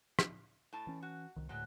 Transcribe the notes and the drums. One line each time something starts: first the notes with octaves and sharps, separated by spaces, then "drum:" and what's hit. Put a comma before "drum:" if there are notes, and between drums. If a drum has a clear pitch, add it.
drum: rim click
A2 A5
E3 C#4
F#4
C2 D#3
D2 A2 F#3 G#3